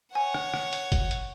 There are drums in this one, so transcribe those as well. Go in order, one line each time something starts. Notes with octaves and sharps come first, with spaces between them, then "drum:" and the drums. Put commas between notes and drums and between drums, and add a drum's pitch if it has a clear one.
C#5 F#5 G#5
drum: rim click
drum: rim click
drum: hi-hat
drum: kick, hi-hat
drum: hi-hat